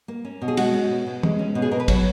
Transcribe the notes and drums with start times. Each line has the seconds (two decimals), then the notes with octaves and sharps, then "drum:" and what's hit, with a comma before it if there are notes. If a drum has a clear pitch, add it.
0.08 A#3
0.25 C#4
0.41 B2
0.48 G#4
0.57 G#3 F#4, drum: cymbal
0.74 C#4
0.90 B2
1.06 B2
1.23 G#3, drum: tom E3
1.39 C#4
1.55 B2
1.62 G#4
1.71 B2 A#4
1.80 B4
1.88 F#3 C#5, drum: kick, cymbal